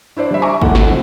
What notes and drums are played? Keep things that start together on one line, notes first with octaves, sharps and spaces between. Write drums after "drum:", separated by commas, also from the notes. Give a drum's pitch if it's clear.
D4 E4 C5 D5
G3 E5
G#5 A#5 C#6 D6
D#2 G#2 E4 A4 F#5, drum: kick G#1
F1 F#5, drum: snare
D#3 E3 F#3 C4